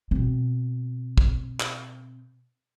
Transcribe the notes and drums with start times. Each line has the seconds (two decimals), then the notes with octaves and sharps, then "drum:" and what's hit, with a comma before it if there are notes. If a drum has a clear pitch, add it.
0.11 B2 C4
1.18 drum: kick
1.60 drum: clap